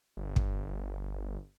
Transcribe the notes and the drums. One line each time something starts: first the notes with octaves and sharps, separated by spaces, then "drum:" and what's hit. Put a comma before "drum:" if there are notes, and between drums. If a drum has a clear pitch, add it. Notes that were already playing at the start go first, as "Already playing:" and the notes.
G1
drum: kick